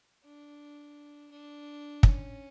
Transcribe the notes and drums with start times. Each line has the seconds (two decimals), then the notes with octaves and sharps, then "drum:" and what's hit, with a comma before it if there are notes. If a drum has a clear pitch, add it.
0.24 D4
1.31 D4
2.03 C#4, drum: kick